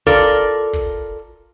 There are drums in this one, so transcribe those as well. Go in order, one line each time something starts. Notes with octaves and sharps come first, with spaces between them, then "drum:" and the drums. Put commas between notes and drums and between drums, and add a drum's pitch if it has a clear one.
F4 A4 A#4 D5, drum: kick
drum: kick